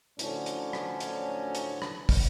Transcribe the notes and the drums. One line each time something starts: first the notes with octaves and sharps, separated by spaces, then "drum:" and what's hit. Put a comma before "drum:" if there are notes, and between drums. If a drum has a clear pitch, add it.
A2 D3 F3 F#3 C#4 D4, drum: hi-hat
drum: hi-hat
drum: rim click
drum: hi-hat
drum: hi-hat
drum: rim click
drum: kick, open hi-hat